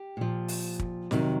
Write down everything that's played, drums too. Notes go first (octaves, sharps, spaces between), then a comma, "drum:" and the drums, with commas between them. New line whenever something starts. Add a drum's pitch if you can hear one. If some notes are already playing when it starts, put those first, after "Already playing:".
Already playing: G4
A#2 F3
drum: open hi-hat
drum: kick
F2 C3 D#3 F#3, drum: snare